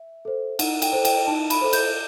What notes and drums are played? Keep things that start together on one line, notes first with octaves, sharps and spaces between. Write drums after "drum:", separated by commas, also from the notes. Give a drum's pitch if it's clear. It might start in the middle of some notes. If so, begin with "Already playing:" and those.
Already playing: E5
A4 C5
D#4 F#5, drum: cymbal
G5, drum: cymbal
A4 C5
G5, drum: cymbal
D#4 A5
B5, drum: cymbal
A4 C5
G6, drum: cymbal